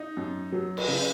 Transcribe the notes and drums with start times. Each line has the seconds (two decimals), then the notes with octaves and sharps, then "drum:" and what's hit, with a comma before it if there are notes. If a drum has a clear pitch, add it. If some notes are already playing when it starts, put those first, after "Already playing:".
Already playing: D#4
0.17 F#2
0.52 F#3
0.77 drum: cymbal
0.88 C#3